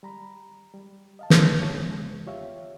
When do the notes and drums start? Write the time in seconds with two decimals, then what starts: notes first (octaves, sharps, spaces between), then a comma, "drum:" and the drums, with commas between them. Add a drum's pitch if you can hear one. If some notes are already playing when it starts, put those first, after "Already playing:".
0.03 G3 A#5 B5
0.74 G3
1.19 D#5 F5 A5
1.30 drum: snare
1.58 G2 C5 C#5 A5
1.72 F2 C#3 G#3 B3
2.27 F4 G4 C#5 E5 F5